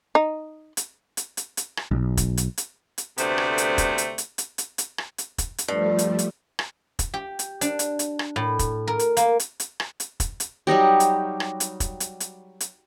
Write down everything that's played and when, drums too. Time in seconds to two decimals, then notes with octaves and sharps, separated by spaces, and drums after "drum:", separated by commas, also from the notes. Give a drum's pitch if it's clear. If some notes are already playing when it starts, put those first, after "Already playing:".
0.15 D#4
0.77 drum: hi-hat
1.17 drum: hi-hat
1.37 drum: hi-hat
1.57 drum: hi-hat
1.77 drum: rim click
1.91 B1
2.17 drum: kick, hi-hat
2.37 drum: hi-hat
2.58 drum: hi-hat
2.98 drum: hi-hat
3.18 D2 C3 A3 B3 C5 D5, drum: hi-hat
3.38 drum: rim click
3.58 drum: hi-hat
3.78 drum: kick, hi-hat
3.98 drum: hi-hat
4.18 drum: hi-hat
4.38 drum: hi-hat
4.58 drum: hi-hat
4.78 drum: hi-hat
4.98 drum: rim click
5.18 drum: hi-hat
5.38 drum: kick, hi-hat
5.58 drum: hi-hat
5.68 G2 F3 G3 A3
5.99 drum: hi-hat
6.19 drum: hi-hat
6.59 drum: rim click
6.99 drum: kick, hi-hat
7.14 G4
7.39 drum: hi-hat
7.61 D4, drum: hi-hat
7.79 drum: hi-hat
7.99 drum: hi-hat
8.19 drum: rim click
8.36 A2
8.59 drum: kick, hi-hat
8.87 A#4
8.99 drum: hi-hat
9.17 A#3, drum: hi-hat
9.40 drum: hi-hat
9.60 drum: hi-hat
9.80 drum: rim click
10.00 drum: hi-hat
10.20 drum: kick, hi-hat
10.40 drum: hi-hat
10.67 F#3 G3 D#4 G4
11.00 drum: hi-hat
11.40 drum: rim click
11.60 drum: hi-hat
11.80 drum: kick, hi-hat
12.00 drum: hi-hat
12.20 drum: hi-hat
12.60 drum: hi-hat